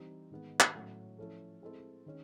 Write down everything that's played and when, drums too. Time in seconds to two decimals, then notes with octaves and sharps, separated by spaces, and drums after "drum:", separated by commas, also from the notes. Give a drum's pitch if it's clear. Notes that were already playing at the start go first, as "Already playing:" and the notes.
Already playing: E3 G3 C4 D#4
0.31 G#2 D#3 G#3 B3
0.60 drum: clap
0.75 A2 F#3 A3 C#4 F#4
1.18 F3 A3 C#4 E4 A4
1.61 G#3 C4 E4 A4 C5
2.06 D#3 G#3 C#4